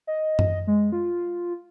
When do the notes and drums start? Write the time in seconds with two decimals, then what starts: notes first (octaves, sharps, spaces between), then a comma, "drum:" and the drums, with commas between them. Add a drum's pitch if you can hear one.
0.07 D#5
0.39 drum: tom F#2
0.67 G#3
0.92 F4